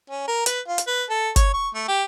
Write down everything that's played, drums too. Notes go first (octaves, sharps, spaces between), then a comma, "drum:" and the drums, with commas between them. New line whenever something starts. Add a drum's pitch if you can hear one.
C#4
A#4
B4, drum: hi-hat
F4
drum: hi-hat
B4
A4
C#5, drum: kick G1, hi-hat
C#6
A3
G4